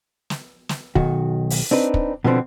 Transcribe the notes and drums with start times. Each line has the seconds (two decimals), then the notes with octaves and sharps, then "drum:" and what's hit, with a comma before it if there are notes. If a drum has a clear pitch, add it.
0.30 drum: snare
0.69 drum: snare
0.95 B1 D#3 F#4, drum: kick
1.50 drum: open hi-hat
1.71 C4 D4 D#4 B4
1.94 drum: kick
2.24 B2 D3 F3 A3 B3 C4